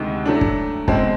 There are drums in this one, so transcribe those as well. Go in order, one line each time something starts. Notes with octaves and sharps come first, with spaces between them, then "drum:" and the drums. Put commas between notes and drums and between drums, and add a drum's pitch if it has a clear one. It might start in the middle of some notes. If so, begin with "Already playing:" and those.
Already playing: D2 C3 D#3 G#3
F#3 A3 D4
drum: kick
B2 G#3 C4, drum: kick